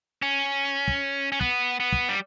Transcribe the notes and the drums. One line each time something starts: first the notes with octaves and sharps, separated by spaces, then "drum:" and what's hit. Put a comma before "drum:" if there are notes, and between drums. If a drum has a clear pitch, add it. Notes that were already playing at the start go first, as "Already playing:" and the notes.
C#4
drum: kick
C#4
B3, drum: kick
B3
drum: kick
G3